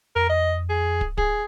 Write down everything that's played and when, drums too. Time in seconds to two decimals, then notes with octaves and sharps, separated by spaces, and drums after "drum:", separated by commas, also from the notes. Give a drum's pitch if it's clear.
0.16 F2 A#4
0.29 D#5
0.70 G#4
1.01 drum: kick
1.18 G#4, drum: kick